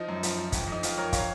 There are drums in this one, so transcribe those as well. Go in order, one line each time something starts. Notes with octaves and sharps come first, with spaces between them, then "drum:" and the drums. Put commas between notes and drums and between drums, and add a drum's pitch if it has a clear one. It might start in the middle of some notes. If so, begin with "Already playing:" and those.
Already playing: F3 D#4
F#2
F3, drum: hi-hat
F3
F2, drum: kick, hi-hat
F2 D#4
F2 F4, drum: hi-hat
F2 A#4 C#5
C#5 F5, drum: kick, hi-hat